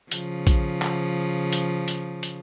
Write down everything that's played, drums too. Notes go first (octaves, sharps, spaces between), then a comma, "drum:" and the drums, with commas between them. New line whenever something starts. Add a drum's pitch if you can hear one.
C#3 F3, drum: hi-hat
drum: kick A#1, hi-hat
drum: clap
drum: hi-hat
drum: hi-hat
drum: hi-hat